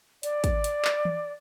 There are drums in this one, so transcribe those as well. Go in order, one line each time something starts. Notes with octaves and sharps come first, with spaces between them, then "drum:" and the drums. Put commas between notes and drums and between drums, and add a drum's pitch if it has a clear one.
D5, drum: hi-hat
drum: kick, hi-hat
drum: hi-hat
drum: clap
drum: tom E3